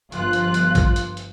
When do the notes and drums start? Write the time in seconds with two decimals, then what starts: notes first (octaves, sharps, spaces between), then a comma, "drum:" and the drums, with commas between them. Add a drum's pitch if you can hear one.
0.12 G1 F3 F4 F#6, drum: hi-hat
0.33 drum: hi-hat
0.54 drum: hi-hat
0.75 drum: kick A1, hi-hat
0.96 drum: hi-hat
1.17 drum: hi-hat